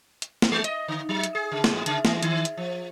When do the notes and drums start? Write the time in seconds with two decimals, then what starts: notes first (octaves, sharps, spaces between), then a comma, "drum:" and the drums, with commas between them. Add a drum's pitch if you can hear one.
0.22 drum: hi-hat
0.42 drum: snare
0.52 G#3
0.64 D#5, drum: hi-hat
0.88 D3
1.09 F#3
1.24 drum: hi-hat
1.35 G#4
1.52 C#3
1.64 drum: snare
1.73 A2
1.86 C#3, drum: hi-hat
2.05 E3, drum: snare
2.23 D#3, drum: hi-hat
2.45 drum: hi-hat
2.57 F3